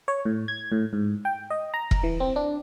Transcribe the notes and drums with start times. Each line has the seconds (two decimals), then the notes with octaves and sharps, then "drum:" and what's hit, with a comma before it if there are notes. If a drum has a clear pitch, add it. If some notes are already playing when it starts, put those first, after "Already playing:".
0.08 C#5
0.25 A2
0.48 G#6
0.72 A2
0.93 G#2
1.25 G5
1.50 D#5
1.74 A#5
1.91 drum: kick E1
2.03 E3
2.20 C4
2.36 D4